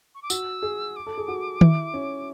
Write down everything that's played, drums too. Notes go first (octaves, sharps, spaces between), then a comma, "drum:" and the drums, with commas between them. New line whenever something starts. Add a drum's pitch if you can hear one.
C#6
D6
F#4 E6, drum: tambourine
G#4
D6
A4
G#4
F#4
E4, drum: tom D#3
C#4